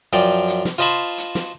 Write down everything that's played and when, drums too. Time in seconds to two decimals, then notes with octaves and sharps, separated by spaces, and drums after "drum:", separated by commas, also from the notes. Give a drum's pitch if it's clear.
0.13 F#2 F3 D5 G5, drum: hi-hat
0.48 drum: hi-hat
0.65 drum: snare
0.78 F4 C5 D#5 A5 B5 C#6
1.18 drum: hi-hat
1.35 drum: snare